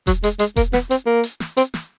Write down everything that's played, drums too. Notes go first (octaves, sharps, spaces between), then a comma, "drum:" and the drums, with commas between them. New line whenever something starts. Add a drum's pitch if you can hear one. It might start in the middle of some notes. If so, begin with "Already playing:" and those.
F#3, drum: kick E1, hi-hat
G#3, drum: hi-hat
G#3, drum: hi-hat
A#3, drum: kick E1, hi-hat
B3, drum: snare
C4, drum: hi-hat
A#3
drum: hi-hat
drum: snare
C4, drum: hi-hat
drum: snare